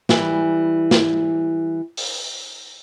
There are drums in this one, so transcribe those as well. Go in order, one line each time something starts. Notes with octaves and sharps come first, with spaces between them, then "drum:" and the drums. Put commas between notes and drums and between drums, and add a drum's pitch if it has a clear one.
E3 G3, drum: snare
drum: snare
drum: open hi-hat